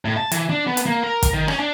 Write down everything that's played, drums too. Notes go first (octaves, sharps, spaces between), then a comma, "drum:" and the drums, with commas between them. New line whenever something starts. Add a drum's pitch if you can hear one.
A2
A5
E3, drum: hi-hat
D4
B3
drum: hi-hat
A#3
A#4
drum: kick, hi-hat
D#3
C#4, drum: rim click
D4